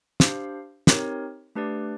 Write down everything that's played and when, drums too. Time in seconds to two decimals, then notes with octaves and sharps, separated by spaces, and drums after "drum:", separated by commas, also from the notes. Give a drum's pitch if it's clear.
0.20 D4 G4 C5 F5, drum: snare
0.87 C4 D#4 G4 A#4 C#5, drum: snare
1.55 A3 D4 G4 B4 D5